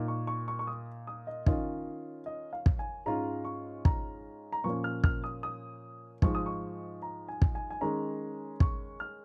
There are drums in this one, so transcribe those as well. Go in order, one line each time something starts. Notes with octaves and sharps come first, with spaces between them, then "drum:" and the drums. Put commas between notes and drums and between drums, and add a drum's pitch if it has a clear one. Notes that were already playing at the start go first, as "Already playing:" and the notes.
Already playing: A#2 A#3 D#4
C#6
C#6
C#6
C#6
D#6
D#6
D#5
D#3 C#4 F4 D#5, drum: kick
D#5
F5
drum: kick
G#5
G#2 G#3 C#4 F4 A#5
C#6
A#5, drum: kick
A#5
A#2 F3 A#3 C#4 C#6
F6
F6, drum: kick
D#6
D#6
G#2 F3 G#3 C#6, drum: kick
D#6
C#6
A#5
G#5
drum: kick
G#5
G#5
D#3 G#3 C#4 A#5
C#6, drum: kick
F6